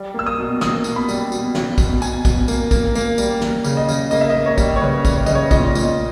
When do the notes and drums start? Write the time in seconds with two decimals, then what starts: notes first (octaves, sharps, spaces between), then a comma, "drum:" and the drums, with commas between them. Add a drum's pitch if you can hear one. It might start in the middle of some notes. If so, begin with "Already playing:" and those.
Already playing: G3
0.14 A#3 E6
0.27 D#6
0.39 B2
0.61 A#3 D#6, drum: snare
0.84 B2, drum: tambourine
0.96 B5
1.08 G3, drum: tambourine
1.32 B2, drum: tambourine
1.55 B2, drum: snare
1.78 B2, drum: kick, tambourine
2.02 B2 G#5, drum: tambourine
2.25 B2, drum: kick, tambourine
2.48 A#3, drum: tambourine
2.71 A#3, drum: kick, tambourine
2.95 A#3, drum: tambourine
3.18 G3, drum: tambourine
3.41 A#3, drum: snare
3.64 C#3, drum: tambourine
3.77 D#5
3.89 C#3, drum: tambourine
4.11 A#3 D#5, drum: tambourine
4.21 E5
4.30 A#3 D#5
4.46 C#5
4.58 G3, drum: kick, tambourine
4.76 C#5
4.81 C#3 B4
5.05 G3, drum: kick, tambourine
5.16 C#5
5.26 C#3 D#5, drum: tambourine
5.35 C#5
5.51 A#2 D#5, drum: kick, tambourine
5.75 A#2, drum: tambourine